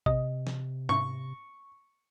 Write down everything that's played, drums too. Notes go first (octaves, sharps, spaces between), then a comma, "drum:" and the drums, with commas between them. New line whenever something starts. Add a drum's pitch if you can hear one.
C3 D#5, drum: kick A1
drum: snare
C#6, drum: tom